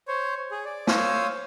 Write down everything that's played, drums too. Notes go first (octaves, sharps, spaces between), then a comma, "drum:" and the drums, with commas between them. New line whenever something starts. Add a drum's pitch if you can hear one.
C5 C#5
G#4
D5
C5 C#5 F5 D#6 E6, drum: snare